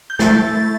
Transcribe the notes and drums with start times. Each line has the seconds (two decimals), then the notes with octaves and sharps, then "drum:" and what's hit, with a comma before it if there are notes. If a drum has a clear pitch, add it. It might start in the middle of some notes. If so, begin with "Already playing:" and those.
0.10 G6
0.19 A3 E4 A6, drum: snare